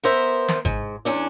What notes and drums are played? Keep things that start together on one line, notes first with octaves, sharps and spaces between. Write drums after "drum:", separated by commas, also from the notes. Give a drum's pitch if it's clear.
B3 A#4 C5 E5
drum: snare
G#2, drum: kick G#1
E2 C#4 D4